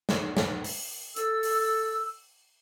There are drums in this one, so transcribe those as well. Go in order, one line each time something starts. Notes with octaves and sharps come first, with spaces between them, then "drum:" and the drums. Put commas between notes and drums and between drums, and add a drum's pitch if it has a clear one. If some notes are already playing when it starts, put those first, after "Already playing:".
drum: snare
drum: snare
drum: open hi-hat
A4 E6, drum: hi-hat
drum: open hi-hat